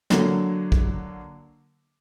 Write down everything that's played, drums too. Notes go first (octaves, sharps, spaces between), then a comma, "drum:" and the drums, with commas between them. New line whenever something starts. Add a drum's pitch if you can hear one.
D3 F#3 A#3, drum: snare
drum: kick